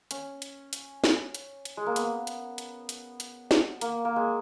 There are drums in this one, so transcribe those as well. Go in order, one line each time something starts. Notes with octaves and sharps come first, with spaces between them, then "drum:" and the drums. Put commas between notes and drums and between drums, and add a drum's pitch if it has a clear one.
C#4, drum: hi-hat
drum: hi-hat
drum: hi-hat
drum: snare
drum: hi-hat
drum: hi-hat
G#3
A#3
B3, drum: hi-hat
drum: hi-hat
drum: hi-hat
drum: hi-hat
drum: hi-hat
drum: snare
A#3, drum: hi-hat
A#3
G#3